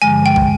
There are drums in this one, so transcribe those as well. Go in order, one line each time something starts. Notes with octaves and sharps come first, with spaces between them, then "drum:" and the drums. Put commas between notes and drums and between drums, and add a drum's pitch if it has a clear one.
G2 D3 F3 G#3 G#5
G5
drum: kick